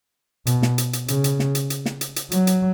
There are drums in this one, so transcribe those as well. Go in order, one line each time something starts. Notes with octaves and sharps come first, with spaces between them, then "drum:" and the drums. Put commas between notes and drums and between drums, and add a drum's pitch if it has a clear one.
B2, drum: hi-hat
drum: snare
drum: hi-hat
drum: hi-hat
C#3, drum: hi-hat
drum: hi-hat
drum: snare
drum: hi-hat
drum: hi-hat
drum: snare
drum: hi-hat
drum: hi-hat
F#3, drum: hi-hat
drum: hi-hat